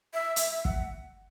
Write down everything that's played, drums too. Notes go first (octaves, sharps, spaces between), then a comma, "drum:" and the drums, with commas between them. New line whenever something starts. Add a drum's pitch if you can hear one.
E5
E5, drum: hi-hat
E5
F#5, drum: kick